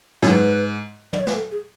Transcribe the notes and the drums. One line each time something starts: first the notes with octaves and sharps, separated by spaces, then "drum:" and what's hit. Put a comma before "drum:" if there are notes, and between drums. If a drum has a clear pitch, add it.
F#2, drum: snare
G#2 B4
D5, drum: tom
C#5
B4, drum: snare
A4
G#4